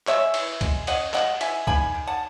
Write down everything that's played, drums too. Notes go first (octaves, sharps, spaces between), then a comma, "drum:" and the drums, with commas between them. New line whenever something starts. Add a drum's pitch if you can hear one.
G#3 C#5 E5, drum: clap
E3, drum: cymbal
G#3, drum: kick C#2, cymbal
C#4 D#5 F#5, drum: cymbal
G#3 D#5 F#5, drum: clap
E3 E5 G#5, drum: cymbal
D#3 G#5 B5, drum: kick C#2
D#3
F#5 A5